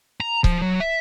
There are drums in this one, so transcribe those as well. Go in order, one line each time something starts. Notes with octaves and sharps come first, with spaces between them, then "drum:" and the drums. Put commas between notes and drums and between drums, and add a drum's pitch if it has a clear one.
A#5
F3, drum: kick C#1
F#3
E5